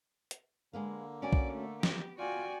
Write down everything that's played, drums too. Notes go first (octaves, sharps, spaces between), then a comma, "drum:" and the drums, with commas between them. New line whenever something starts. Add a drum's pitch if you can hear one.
drum: hi-hat
D3 G#3 A#3 B4 F5
C#4 F#4 D5 G#5
drum: kick
A3
B3 G4, drum: snare
F4 F#4 D5 G5 G#5